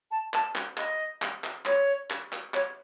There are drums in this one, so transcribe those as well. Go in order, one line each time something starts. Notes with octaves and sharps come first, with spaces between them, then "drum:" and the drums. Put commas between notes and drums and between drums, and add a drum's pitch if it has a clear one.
A5
A5, drum: clap
drum: clap
D#5, drum: clap
drum: clap
drum: clap
C#5, drum: clap
drum: clap
drum: clap
C#5, drum: clap